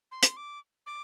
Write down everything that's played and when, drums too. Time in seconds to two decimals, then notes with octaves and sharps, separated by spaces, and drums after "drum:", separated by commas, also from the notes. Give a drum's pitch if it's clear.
0.12 C6
0.23 drum: hi-hat
0.37 D6
0.86 D6